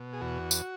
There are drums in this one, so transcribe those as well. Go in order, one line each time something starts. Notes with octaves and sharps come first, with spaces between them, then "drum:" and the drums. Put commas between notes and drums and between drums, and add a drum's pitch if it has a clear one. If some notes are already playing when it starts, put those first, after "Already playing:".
Already playing: B2
G#4
E2 F#4
drum: tambourine